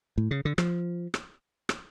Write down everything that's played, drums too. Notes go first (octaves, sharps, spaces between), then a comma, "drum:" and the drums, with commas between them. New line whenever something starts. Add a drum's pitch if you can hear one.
A2
C#3
D3
F3, drum: rim click
drum: rim click
drum: rim click